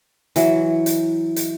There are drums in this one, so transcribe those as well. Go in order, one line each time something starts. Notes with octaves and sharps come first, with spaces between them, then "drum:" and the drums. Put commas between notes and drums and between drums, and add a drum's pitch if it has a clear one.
E3 F#3, drum: hi-hat
drum: hi-hat
drum: hi-hat